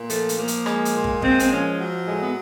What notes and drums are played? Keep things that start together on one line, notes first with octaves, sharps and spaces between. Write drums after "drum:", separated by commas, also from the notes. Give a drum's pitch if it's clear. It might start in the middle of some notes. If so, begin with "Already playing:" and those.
Already playing: A#2
F3 A3, drum: hi-hat
drum: hi-hat
F3 A#3
drum: hi-hat
G#3, drum: rim click
drum: hi-hat
A#2
drum: kick
G#3 C4, drum: kick
C4, drum: hi-hat
F3 C#4
F#3
A2 G#3
B3